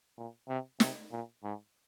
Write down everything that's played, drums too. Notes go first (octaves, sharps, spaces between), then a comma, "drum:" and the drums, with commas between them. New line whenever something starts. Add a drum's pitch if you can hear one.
A#2
C3
C3, drum: snare
A#2
G#2